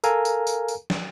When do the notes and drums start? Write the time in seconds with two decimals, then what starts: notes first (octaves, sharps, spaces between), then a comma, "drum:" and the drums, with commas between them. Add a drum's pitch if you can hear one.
0.04 A4 A#4 F5 G#5 A#5, drum: tambourine
0.25 drum: tambourine
0.47 drum: tambourine
0.68 drum: tambourine
0.90 drum: snare